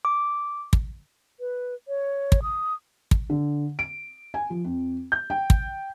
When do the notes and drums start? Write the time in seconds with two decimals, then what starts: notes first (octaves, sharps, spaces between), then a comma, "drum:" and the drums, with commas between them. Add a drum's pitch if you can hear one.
0.05 D6
0.73 drum: kick
1.40 B4
1.88 C#5
2.32 drum: kick
2.43 D#6
3.11 drum: kick
3.30 D3
3.79 D7
4.34 G#5
4.50 F3
4.65 F2
5.12 G6
5.30 G5
5.50 drum: kick